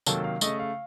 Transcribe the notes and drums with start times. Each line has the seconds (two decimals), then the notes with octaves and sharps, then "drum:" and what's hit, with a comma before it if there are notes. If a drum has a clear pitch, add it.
0.06 C3 D#3 F#3 A#3 A4 A5, drum: tambourine
0.24 F5
0.41 C#3 A3 D#5, drum: tambourine
0.59 F5